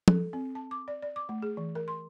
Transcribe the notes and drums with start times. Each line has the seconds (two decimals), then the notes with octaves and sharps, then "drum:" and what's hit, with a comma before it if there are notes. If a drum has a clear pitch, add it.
0.08 A4, drum: tom
0.33 C4
0.55 A5
0.71 D6
0.88 D5
1.02 D5
1.16 D6
1.29 A3
1.42 G#4
1.57 E3
1.75 A#4
1.88 C6